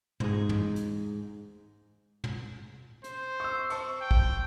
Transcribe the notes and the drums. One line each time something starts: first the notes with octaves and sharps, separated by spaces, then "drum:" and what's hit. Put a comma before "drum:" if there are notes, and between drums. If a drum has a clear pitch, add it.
G#2 D#4 G#4, drum: tom
drum: tom
drum: hi-hat
drum: tom
C5, drum: hi-hat
C#6 E6
C5 A5 C#6, drum: cymbal
G5
drum: kick